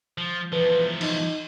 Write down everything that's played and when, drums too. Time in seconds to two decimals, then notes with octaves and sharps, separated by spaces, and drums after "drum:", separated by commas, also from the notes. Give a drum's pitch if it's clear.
0.18 F3
0.53 E2 F3 B4
1.01 D#4, drum: cymbal